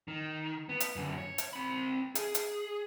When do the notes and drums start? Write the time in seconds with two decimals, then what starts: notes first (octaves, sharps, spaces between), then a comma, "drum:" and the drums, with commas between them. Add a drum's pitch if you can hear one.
0.08 D#3
0.69 B3
0.80 drum: hi-hat
0.96 F#2 D3
1.18 C#5
1.38 drum: hi-hat
1.53 C4 B5
2.15 G#4, drum: hi-hat
2.35 drum: hi-hat